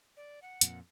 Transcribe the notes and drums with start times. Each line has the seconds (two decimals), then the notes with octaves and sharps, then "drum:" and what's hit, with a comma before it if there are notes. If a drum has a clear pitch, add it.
0.17 D5
0.42 F#5
0.61 F2 A#2, drum: hi-hat